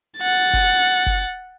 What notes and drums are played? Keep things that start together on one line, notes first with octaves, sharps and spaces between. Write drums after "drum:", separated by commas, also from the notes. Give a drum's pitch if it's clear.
F#5 A6
drum: kick F#1
drum: kick F#1